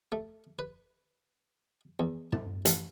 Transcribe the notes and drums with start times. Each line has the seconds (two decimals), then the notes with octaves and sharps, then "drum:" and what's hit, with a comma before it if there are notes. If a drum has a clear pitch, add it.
0.12 A3
0.59 B4
2.00 E2
2.33 A5, drum: tom
2.65 A1, drum: hi-hat